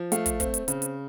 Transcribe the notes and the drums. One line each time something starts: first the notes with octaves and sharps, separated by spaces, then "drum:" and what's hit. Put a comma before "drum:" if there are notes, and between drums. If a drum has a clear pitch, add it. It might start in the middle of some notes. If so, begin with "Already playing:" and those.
Already playing: F3
A3 F5, drum: hi-hat
drum: kick, hi-hat
C4, drum: kick, hi-hat
drum: hi-hat
C#3, drum: hi-hat
drum: hi-hat